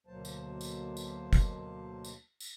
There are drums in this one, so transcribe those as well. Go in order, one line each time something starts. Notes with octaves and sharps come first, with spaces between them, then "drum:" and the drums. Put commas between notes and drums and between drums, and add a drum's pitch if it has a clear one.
D2 B2 F#3 A#3 C5 A5
drum: tambourine
drum: tambourine
drum: tambourine
drum: kick, tambourine
drum: tambourine
drum: tambourine